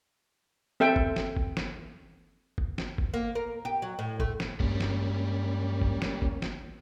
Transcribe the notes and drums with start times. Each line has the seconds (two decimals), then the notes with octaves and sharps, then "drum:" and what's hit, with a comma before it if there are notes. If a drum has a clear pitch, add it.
0.80 C4 A4 E5 G5
0.96 drum: kick F#1
1.16 drum: snare
1.37 drum: kick F#1
1.57 drum: snare
2.58 drum: kick F#1
2.78 drum: snare
2.98 drum: kick F#1
3.14 A#3
3.35 A#4
3.65 G4
3.82 F#3
3.99 A2
4.20 A3, drum: kick F#1
4.40 drum: snare
4.60 G2 G3 G#3 A#3 C#4, drum: kick F#1
4.80 drum: snare
5.82 drum: kick F#1
6.02 drum: snare
6.22 drum: kick F#1
6.42 drum: snare